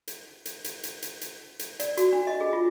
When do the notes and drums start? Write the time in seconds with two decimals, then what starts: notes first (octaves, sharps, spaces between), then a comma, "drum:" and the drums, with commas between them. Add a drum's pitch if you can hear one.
0.08 drum: hi-hat
0.46 drum: hi-hat
0.64 drum: hi-hat
0.83 drum: hi-hat
1.02 drum: hi-hat
1.21 drum: hi-hat
1.59 drum: hi-hat
1.80 D5, drum: hi-hat
1.97 F#4, drum: hi-hat
2.13 D4
2.27 D#5
2.41 G#4
2.53 F4